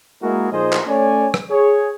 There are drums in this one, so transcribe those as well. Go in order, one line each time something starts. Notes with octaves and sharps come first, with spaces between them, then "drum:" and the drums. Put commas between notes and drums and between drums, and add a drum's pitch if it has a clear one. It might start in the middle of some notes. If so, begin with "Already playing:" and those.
G#3 A#3 E4 F#4 G#4 A#4
A#2 F3 D#4 G#4 C5 D#5
drum: clap
A3 C#4 C#5 D5 G#5
drum: rim click
G#4 C#5